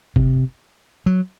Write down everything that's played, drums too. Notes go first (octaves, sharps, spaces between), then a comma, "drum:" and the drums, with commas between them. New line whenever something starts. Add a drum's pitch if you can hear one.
C3, drum: kick F1
F#3